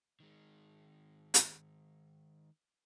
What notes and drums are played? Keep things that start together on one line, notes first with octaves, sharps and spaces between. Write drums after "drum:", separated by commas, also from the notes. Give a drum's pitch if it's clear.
D#3 G#3
drum: hi-hat